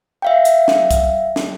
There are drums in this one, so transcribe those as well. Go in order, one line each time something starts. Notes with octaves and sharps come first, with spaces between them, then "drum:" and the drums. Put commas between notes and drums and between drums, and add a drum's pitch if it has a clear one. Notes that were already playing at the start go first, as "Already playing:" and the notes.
E5 F5 G5
drum: hi-hat
drum: snare
drum: kick, hi-hat
drum: snare